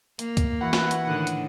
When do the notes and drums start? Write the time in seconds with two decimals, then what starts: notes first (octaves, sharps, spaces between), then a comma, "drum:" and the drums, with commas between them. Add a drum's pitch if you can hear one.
0.19 A#3, drum: hi-hat
0.37 drum: kick, hi-hat
0.61 E3 E4 F#4 B4 F#5
0.73 drum: snare
0.91 drum: hi-hat
1.05 A2 D3 D#3 F#5
1.27 drum: hi-hat